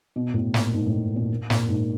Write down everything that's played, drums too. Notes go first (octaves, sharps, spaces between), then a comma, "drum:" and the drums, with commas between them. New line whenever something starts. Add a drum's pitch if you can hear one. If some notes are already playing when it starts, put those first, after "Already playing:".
B2
A2
A#2, drum: snare
G#2
A2
A#2
A#2, drum: snare
G#2